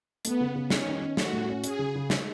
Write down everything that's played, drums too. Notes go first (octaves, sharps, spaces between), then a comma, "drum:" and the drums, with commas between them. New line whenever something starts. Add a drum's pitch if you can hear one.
A3 B3, drum: hi-hat
C#3
C#3
C#4 D#4, drum: snare
D#3
D#3
A3 F#4, drum: snare
A2
C#4
C#4 G#4, drum: hi-hat
C#3
C#3
G#3, drum: snare